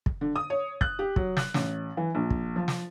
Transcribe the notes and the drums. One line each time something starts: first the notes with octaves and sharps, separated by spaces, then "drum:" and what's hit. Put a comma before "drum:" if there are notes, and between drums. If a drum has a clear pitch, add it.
drum: kick
D3
D#6
C#5
F#6, drum: kick
G4
F#3, drum: kick
F#6, drum: snare
A1, drum: snare
E3
A#1
drum: kick
F3
drum: snare